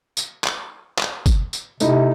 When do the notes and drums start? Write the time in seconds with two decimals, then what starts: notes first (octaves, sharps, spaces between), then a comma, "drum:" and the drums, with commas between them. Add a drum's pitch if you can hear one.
0.17 drum: tambourine
0.44 drum: clap
0.99 drum: clap
1.26 drum: kick, tambourine
1.53 drum: tambourine
1.80 C3 A3 D#4 E4, drum: tambourine